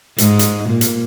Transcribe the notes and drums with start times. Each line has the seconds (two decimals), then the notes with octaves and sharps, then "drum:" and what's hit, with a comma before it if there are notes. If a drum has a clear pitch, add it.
0.18 G#2, drum: hi-hat
0.39 drum: hi-hat
0.69 A#2
0.81 drum: hi-hat